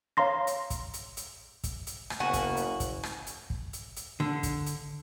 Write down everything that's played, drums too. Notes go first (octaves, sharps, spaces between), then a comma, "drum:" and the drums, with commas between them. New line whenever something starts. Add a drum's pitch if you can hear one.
C#5 F5 A#5 C6 A#6
drum: hi-hat
drum: kick, hi-hat
drum: hi-hat
drum: hi-hat
drum: kick, hi-hat
drum: hi-hat
drum: rim click
F#1 C#3 A#3 B3 F#4 G#5
drum: kick, hi-hat
drum: hi-hat
drum: kick, hi-hat
drum: rim click
drum: hi-hat
drum: kick
drum: hi-hat
drum: hi-hat
D3
drum: kick, hi-hat
drum: hi-hat